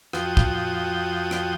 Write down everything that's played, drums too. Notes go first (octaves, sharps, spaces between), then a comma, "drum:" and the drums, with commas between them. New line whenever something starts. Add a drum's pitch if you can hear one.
F2 F3 F#4 G5 D#6, drum: rim click
drum: kick
drum: rim click